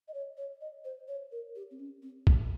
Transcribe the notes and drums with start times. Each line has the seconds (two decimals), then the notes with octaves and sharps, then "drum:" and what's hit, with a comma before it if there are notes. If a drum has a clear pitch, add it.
0.08 D#5
0.14 C#5
0.37 C#5
0.61 D#5
0.85 C5
1.08 C#5
1.32 A#4
1.55 G4
1.71 C4
1.80 C#4
2.02 C4
2.27 A#3, drum: kick